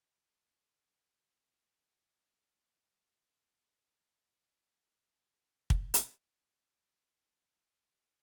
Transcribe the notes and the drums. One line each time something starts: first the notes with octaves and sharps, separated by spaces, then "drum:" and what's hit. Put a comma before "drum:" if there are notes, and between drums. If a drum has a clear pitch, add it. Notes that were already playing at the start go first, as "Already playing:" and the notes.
Already playing: A3 C#5 G#5
D3 E5
D5
D3 C#5
D5
D4
A3
D4
B2 F#5
B2
B2
C#4
A5
G#3 G#5
B2 E5
G#3 D5
B2
E5
A3 F#5
C#4
A3
B2
G#5
drum: kick
drum: hi-hat